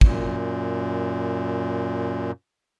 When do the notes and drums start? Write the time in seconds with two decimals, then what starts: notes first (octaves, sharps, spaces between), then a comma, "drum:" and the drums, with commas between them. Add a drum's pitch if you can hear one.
0.01 F#2 A#2, drum: kick